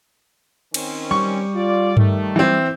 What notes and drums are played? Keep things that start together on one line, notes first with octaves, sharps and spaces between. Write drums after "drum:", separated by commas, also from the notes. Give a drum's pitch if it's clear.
D#3 C4 C#4, drum: cymbal
G3 C#6
F4 D5
D#3 A3, drum: tom G2
E3 C4